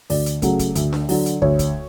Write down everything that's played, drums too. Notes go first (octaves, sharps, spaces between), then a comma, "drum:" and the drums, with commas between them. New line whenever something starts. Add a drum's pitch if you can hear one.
D2 D5, drum: open hi-hat
drum: hi-hat
C#3 F#3 A3, drum: kick, hi-hat
drum: kick, hi-hat
D2, drum: hi-hat
drum: snare D4
D3 F#3, drum: open hi-hat
drum: hi-hat
D2 C#5, drum: kick
drum: kick, hi-hat